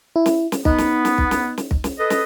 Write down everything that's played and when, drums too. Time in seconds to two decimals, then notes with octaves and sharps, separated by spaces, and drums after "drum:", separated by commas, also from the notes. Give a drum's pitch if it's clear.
0.16 E4
0.26 drum: snare
0.52 drum: snare
0.65 B3 D#4, drum: kick
0.78 drum: snare
1.05 drum: snare
1.18 drum: kick
1.31 drum: snare
1.58 drum: snare
1.71 drum: kick
1.84 drum: snare
1.98 A4 B4 D#5
2.10 drum: snare